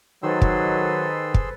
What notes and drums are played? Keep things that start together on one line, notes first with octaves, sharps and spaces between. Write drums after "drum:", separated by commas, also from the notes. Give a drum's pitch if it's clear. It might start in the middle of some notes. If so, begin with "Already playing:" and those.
D#3 F#3 G#4 A4 B4 C5 C6 E6
drum: kick
drum: kick